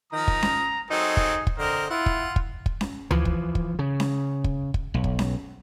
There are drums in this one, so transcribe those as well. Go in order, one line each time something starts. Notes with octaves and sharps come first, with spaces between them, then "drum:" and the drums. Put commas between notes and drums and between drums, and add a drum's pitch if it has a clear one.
D#3 F3 A#5 D#6
drum: kick
drum: snare C#4
F#3 C4 D#4 G#4 A4
drum: kick
drum: kick
D3 C4 A#4 C5 D#5
E4 F4 F#5
drum: kick
drum: kick
drum: kick
drum: snare C#4
E3 F3, drum: tom D2
drum: kick
drum: kick
C#3
drum: snare C#4
drum: kick
drum: kick
B1
drum: kick
drum: snare C#4